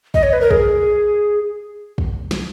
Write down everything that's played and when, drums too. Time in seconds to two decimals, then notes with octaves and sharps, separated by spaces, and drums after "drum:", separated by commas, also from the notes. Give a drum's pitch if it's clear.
0.14 D#5, drum: kick
0.23 C#5
0.33 B4
0.41 A#4
0.51 G#4, drum: kick
1.98 drum: kick
2.31 drum: snare